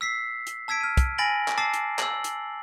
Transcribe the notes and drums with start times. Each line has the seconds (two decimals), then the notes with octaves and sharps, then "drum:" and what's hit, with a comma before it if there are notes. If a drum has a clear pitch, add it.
0.01 E6 B6 C7
0.47 drum: hi-hat
0.68 A5 E6 G#6 B6 D7
0.81 F6 D#7
0.97 drum: kick, hi-hat
1.18 G#5 B5 A6 A#6 D7 F#7
1.48 drum: clap
1.58 A5 D6 E6 A6 C7
1.74 drum: hi-hat
1.99 E6 F#7, drum: clap
2.24 drum: hi-hat